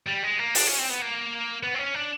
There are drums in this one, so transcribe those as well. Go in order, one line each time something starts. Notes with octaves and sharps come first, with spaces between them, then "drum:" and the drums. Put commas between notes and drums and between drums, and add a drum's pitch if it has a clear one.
G3
G#3
A#3
D4, drum: open hi-hat
C#4
C4
B3
A#3
B3
C4
C#4
D4